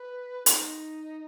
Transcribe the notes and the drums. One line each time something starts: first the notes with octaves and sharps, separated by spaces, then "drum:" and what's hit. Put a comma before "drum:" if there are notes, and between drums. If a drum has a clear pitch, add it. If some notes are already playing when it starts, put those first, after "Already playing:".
Already playing: B4
D#4, drum: hi-hat